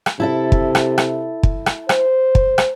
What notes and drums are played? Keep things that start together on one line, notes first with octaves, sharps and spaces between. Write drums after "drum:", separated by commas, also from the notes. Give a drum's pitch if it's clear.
drum: rim click
C3 E4 A4 E5
drum: kick
drum: rim click
drum: rim click
drum: kick
drum: rim click
C5, drum: rim click
drum: kick
drum: rim click